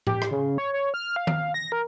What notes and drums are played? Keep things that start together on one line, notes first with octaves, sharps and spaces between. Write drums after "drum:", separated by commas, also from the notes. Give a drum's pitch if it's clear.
G4, drum: tom A2
drum: rim click
C#3
C#5
C#5
F6
F5
drum: tom D#3
A#6
A#4